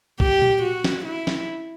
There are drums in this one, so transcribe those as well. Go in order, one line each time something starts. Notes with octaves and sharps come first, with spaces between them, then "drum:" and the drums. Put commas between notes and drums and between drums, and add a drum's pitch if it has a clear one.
G4, drum: kick
drum: tom A#2
F#4
drum: snare
E4
drum: snare